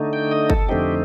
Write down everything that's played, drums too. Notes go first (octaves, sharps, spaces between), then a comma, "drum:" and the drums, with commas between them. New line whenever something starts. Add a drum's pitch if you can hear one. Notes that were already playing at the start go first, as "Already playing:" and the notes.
Already playing: D3 A3 D#4
G5
D#5
A4, drum: kick G1
F2 D3 A3 C4 D#4 G4